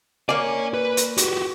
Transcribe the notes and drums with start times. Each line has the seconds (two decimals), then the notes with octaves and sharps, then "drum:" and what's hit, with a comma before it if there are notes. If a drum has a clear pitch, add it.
0.29 A#3 C#5 D5 G#5
0.74 B4
0.97 drum: hi-hat
1.17 F#4 G4, drum: hi-hat